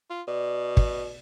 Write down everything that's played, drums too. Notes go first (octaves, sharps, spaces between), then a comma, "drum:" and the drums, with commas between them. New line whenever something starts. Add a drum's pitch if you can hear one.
F4
B2 D5
drum: kick